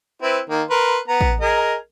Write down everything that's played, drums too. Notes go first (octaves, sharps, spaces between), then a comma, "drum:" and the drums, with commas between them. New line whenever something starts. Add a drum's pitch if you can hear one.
C4 E4 B4
D#3 A#3
A#4 B4 C6
B3 A#5
drum: kick A1
G#4 A#4 D#5